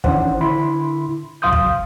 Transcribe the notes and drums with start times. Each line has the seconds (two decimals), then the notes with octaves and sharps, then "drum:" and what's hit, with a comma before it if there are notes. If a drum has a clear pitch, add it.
0.04 D#3 E3 C#4 D4 C5 F#5, drum: kick
0.41 D3 E4 B5 C6
1.42 C#2 F#3 F5 C6 D#6 G6
1.52 drum: kick